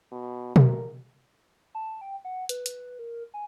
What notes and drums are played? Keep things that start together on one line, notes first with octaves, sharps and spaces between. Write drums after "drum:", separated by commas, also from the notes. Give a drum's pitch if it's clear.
B2
A#4, drum: tom B2
A5
G5
F#5
B4, drum: hi-hat
drum: hi-hat
A#4
G#5